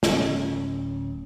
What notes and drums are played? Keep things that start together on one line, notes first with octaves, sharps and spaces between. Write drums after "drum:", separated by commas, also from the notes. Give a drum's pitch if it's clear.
D1 C#4, drum: snare